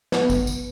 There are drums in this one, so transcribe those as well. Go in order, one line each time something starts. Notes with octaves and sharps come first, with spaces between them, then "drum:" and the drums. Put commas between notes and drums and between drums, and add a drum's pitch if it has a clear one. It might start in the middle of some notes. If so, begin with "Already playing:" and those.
B3, drum: snare
drum: kick, tambourine
drum: tambourine